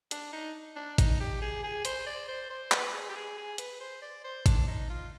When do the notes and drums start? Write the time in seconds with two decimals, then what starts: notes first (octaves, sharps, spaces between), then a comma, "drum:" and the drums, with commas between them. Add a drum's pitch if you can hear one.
0.11 D4, drum: hi-hat
0.33 D#4
0.76 D4
0.98 D#4, drum: kick G#1, hi-hat
1.20 G4
1.42 G#4
1.63 G#4
1.85 C5, drum: hi-hat
2.06 D5
2.28 C5
2.50 C5
2.72 B4, drum: clap
2.93 G#4
3.09 G4
3.16 G#4
3.37 G#4
3.58 B4, drum: hi-hat
3.80 C5
4.02 D5
4.24 C5
4.46 D4, drum: kick G#1, hi-hat
4.68 D#4
4.90 F4